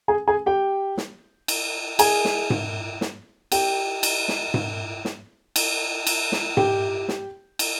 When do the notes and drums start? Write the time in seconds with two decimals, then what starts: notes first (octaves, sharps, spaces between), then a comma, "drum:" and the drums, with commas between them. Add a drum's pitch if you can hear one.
0.08 G#4 G#5
0.28 G#4 G#5
0.46 G4 G5
0.97 drum: snare
1.48 drum: cymbal
1.99 G#4 G#5, drum: cymbal
2.25 drum: snare
2.50 drum: tom G#2
3.01 drum: snare
3.52 G4 G5, drum: cymbal
4.03 drum: cymbal
4.28 drum: snare
4.54 drum: tom G#2
5.05 drum: snare
5.56 drum: cymbal
6.07 drum: cymbal
6.32 drum: snare
6.57 G4 G5, drum: tom G#2
7.08 drum: snare
7.59 drum: cymbal